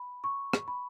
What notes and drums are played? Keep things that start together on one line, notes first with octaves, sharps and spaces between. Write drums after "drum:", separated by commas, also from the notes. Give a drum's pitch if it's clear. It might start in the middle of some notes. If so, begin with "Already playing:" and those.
Already playing: B5
C#6
drum: rim click
B5